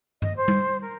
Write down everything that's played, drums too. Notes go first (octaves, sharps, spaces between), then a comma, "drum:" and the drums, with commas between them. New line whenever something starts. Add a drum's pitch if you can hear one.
D#5, drum: tom G2
C5
drum: tom G3
A#4